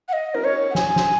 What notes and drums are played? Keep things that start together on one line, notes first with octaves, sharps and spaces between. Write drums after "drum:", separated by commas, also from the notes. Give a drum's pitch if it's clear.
F#5
D#5
A#4, drum: cymbal
C#5
F#5
G#5, drum: snare
drum: snare